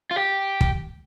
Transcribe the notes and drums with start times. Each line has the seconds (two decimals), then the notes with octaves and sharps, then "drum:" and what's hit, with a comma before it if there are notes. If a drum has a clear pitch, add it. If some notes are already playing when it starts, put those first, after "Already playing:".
0.11 F4
0.16 G4
0.61 drum: kick